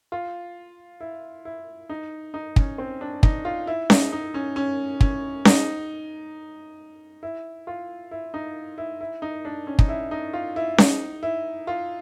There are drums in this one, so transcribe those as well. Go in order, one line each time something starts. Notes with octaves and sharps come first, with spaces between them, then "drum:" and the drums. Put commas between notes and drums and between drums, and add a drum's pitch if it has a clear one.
F4
E4
E4
D#4
D#4
C#4, drum: kick
C4
D4
D#4, drum: kick
F4
E4
D#4, drum: snare C#4
D#4
C#4
C#4
C#4, drum: kick
D#4, drum: snare C#4
E4
F4
E4
D#4
E4
E4
D#4
D4
C#4
D#4, drum: kick
E4
D#4
F4
E4
D#4, drum: snare C#4
E4
F4